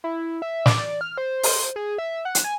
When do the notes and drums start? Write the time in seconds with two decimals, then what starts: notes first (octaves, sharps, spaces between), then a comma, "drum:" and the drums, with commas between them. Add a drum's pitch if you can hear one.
0.04 E4
0.42 E5
0.66 D5, drum: snare
1.01 F6
1.18 C5
1.43 drum: open hi-hat
1.76 G#4
1.98 E5
2.25 F#5
2.35 drum: hi-hat
2.44 G#5